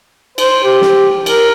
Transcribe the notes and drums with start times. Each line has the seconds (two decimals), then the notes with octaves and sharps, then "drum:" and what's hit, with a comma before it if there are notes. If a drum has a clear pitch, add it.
0.38 C5, drum: cymbal
0.64 G4
0.81 drum: snare
1.26 A#4, drum: cymbal